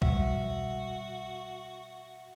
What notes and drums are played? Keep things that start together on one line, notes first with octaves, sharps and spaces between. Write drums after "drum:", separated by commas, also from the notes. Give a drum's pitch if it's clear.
B2 G3 F#4 E5, drum: kick B1